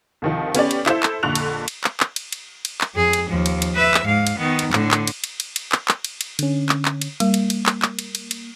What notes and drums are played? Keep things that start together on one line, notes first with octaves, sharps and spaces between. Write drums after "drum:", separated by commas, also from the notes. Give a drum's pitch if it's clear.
C2 D#3 F3
B3 C#4 G4 D5, drum: cymbal
drum: cymbal
E4 A4 C5 E5, drum: clap
drum: clap
A#1 F2 D3 C#6 F#6 F7
drum: cymbal
drum: cymbal
drum: clap
drum: clap
drum: cymbal
drum: cymbal
drum: cymbal
drum: clap
F2 G#4
drum: cymbal
D#2 F3
drum: cymbal
drum: cymbal
B4 E5
drum: clap
G#2 F5
drum: cymbal
D#3 B3
drum: cymbal
A2 D3, drum: clap
drum: clap
drum: cymbal
drum: cymbal
drum: cymbal
drum: cymbal
drum: clap
drum: clap
drum: cymbal
drum: cymbal
D3 C#4, drum: cymbal
drum: clap
drum: clap
drum: cymbal
G3 A#3, drum: cymbal
drum: cymbal
drum: cymbal
drum: clap
drum: clap
drum: cymbal
drum: cymbal
drum: cymbal